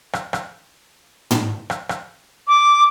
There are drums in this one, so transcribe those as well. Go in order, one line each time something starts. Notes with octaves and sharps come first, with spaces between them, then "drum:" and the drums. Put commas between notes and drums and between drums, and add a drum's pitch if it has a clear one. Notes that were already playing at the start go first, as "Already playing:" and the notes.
drum: rim click
drum: rim click
drum: tom
drum: rim click
drum: rim click
D6